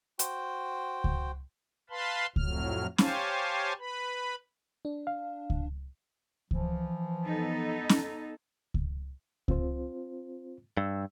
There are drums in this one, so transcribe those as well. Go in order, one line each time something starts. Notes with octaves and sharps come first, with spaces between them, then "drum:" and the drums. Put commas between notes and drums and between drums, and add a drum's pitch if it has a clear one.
F#4 C5 G5, drum: hi-hat
drum: kick C#2
B4 F5 A5 B5 C6
F2 A2 F#3 F6, drum: kick C#2
G4 C5 C#5 F5 G#5 A5, drum: snare
B4 B5
D4
F5
drum: kick C#2
E3 F3, drum: kick C#2
B3 D#4 A4
drum: snare
drum: kick C#2
C4 F4 C5, drum: kick C#2
G2 E6